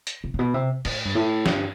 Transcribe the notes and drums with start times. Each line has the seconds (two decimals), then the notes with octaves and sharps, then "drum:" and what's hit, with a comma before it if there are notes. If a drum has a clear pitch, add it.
0.07 drum: hi-hat
0.24 C3
0.34 A2
0.39 B2
0.54 C3
0.85 A2, drum: cymbal
1.05 G2
1.15 A2
1.46 G2, drum: snare